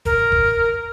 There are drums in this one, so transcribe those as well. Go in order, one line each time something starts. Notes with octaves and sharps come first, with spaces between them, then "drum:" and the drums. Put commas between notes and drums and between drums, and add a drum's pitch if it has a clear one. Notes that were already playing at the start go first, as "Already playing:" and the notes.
A#4, drum: kick F#1
drum: kick F#1